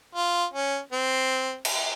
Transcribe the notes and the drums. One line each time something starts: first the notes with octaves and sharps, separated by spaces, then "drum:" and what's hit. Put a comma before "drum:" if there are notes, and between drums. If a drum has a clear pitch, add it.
F4
C#4
C4
drum: cymbal